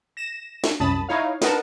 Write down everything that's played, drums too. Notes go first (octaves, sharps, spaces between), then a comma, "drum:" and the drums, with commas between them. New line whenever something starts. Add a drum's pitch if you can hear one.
A#6 E7
drum: snare
C2 F#2 A5 B5 D#6 A6
D#4 E4 C#5 F5
D#4 A#4 B4 D#5 F#5 A5, drum: snare